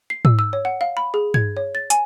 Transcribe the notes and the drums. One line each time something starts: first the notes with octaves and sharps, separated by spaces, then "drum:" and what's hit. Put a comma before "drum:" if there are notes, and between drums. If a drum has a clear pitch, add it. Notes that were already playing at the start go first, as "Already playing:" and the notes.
C7
E6, drum: tom
E6
C#5
F#5
F5
B5
G#4
G#6, drum: tom
C#5
A6
G#5, drum: hi-hat